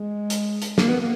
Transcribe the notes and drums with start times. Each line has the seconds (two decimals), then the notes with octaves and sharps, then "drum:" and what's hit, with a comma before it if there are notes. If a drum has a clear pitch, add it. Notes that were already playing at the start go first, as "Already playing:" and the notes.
Already playing: G#3
0.30 drum: hi-hat
0.62 drum: hi-hat
0.78 A#3, drum: snare
0.89 B3
1.00 A#3